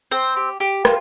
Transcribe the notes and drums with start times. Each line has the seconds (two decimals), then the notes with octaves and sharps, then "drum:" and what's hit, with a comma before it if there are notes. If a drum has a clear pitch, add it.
0.11 C4 C5
0.37 G4
0.60 G4
0.85 F4, drum: rim click